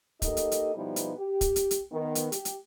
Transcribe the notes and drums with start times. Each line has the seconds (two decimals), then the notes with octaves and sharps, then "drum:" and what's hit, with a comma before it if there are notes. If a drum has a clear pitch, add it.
0.22 A#3 D#4 G4 A4 D#5, drum: kick, hi-hat
0.37 drum: hi-hat
0.52 drum: hi-hat
0.75 B2 F3 G3 B3 D#4 E4
0.96 drum: hi-hat
1.17 G4
1.41 drum: kick, hi-hat
1.56 drum: hi-hat
1.71 drum: hi-hat
1.92 D#3 B3
2.15 drum: hi-hat
2.32 G4, drum: hi-hat
2.45 drum: hi-hat